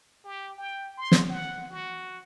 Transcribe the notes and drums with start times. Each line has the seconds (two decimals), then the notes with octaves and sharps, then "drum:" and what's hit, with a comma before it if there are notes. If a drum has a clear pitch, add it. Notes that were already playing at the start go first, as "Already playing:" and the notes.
0.25 G4
0.58 G5
0.98 C6
1.12 drum: snare
1.30 F#5
1.71 F#4